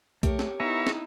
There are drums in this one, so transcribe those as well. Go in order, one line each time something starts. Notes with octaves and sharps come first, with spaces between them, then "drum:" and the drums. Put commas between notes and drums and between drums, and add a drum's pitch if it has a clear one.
A3 G4 A#4 C#5, drum: kick B1, hi-hat
drum: snare
B3 D#4 E4 E5 G#5 A#5 C#6
drum: snare